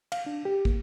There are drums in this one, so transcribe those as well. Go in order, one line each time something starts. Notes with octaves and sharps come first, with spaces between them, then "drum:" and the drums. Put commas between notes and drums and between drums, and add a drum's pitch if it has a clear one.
F5, drum: cymbal
D4
G4
A#3, drum: kick